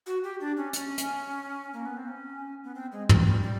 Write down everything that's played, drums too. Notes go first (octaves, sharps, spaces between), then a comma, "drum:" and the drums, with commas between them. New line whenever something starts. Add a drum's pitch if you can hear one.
F#4
G4
D4
C#4
C#4, drum: hi-hat
drum: hi-hat
A#3
B3
C4
C#4
B3
C4
G#3
G3, drum: tom
G3
G3